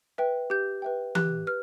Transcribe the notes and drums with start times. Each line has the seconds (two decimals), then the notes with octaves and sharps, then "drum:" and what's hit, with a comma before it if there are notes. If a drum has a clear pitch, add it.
0.18 B4 E5 G5
0.50 G4 G6
0.82 B4 E5 G5
1.15 G4 F#6, drum: tom E3
1.47 B4 F6